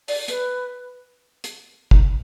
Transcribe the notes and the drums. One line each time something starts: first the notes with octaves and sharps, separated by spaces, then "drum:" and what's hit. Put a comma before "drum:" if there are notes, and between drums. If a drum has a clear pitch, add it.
D5, drum: open hi-hat
B4, drum: hi-hat
drum: hi-hat
D#4, drum: kick